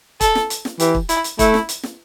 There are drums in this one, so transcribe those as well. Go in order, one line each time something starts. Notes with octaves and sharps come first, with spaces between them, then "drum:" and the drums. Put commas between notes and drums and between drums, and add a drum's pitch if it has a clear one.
A4, drum: kick, hi-hat
drum: snare
drum: hi-hat
drum: snare
E3 G4, drum: hi-hat
drum: kick
E4, drum: hi-hat
drum: hi-hat
A3 E4, drum: kick, hi-hat
drum: snare
drum: hi-hat
drum: snare